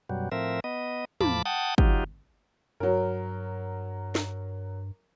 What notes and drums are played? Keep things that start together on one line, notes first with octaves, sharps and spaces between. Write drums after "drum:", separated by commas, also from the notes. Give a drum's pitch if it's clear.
F#2 B2 F#3 G3
A2 F3 C4 A#4 E5
B3 D#5
E2 A2 F3 A5 B5 D6, drum: tom
F#5 G5 A5 D#6
F#3 D#4 F4 G4, drum: kick
G2 F#3 A#4
drum: snare